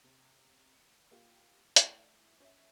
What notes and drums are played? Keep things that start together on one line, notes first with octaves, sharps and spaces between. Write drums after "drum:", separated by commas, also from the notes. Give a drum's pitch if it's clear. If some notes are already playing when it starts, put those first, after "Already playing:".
C3
C#7
A#3 F4 G4
A3 E4, drum: hi-hat
C#4 E5